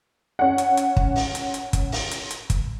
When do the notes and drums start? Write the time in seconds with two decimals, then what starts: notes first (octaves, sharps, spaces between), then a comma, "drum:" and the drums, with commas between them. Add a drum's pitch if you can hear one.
0.39 C#4 F#5
0.58 drum: hi-hat
0.77 drum: hi-hat
0.97 drum: kick
1.16 drum: open hi-hat
1.35 drum: hi-hat
1.54 drum: hi-hat
1.73 drum: kick, hi-hat
1.92 drum: open hi-hat
2.11 drum: hi-hat
2.31 drum: hi-hat
2.50 drum: kick, hi-hat